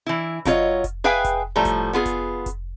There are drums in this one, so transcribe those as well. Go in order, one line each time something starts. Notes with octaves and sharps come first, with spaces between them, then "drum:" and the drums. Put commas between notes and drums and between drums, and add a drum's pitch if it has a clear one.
E3 E4
F#3 D4 F4 G#4 C#5 D#5, drum: kick F1, hi-hat
drum: kick F1, hi-hat
G#4 B4 E5 F5 G5 G#5
drum: kick F1, hi-hat
A2 F3 G3 A3 A#5
drum: kick F1, hi-hat
B3 F4 G#4
drum: kick F1, hi-hat
drum: kick F1, hi-hat